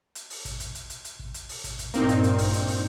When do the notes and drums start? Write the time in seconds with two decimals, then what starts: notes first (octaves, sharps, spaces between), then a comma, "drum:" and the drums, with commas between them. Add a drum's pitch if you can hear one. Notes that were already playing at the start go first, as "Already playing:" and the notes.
0.15 drum: hi-hat
0.30 drum: open hi-hat
0.45 drum: kick, hi-hat
0.60 drum: kick, hi-hat
0.75 drum: hi-hat
0.90 drum: hi-hat
1.05 drum: hi-hat
1.19 drum: kick
1.34 drum: hi-hat
1.49 drum: open hi-hat
1.64 drum: kick, hi-hat
1.79 drum: kick, hi-hat
1.94 G2 A#2 A#3 C4 D#4, drum: hi-hat
2.09 drum: hi-hat
2.23 drum: hi-hat
2.38 drum: kick, open hi-hat
2.53 drum: hi-hat
2.68 drum: open hi-hat